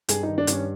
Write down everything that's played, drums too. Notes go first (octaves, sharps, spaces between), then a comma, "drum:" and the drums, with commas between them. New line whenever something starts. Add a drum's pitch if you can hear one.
G2 G#4, drum: hi-hat
D#3 D#4
D4
G2 C#4, drum: hi-hat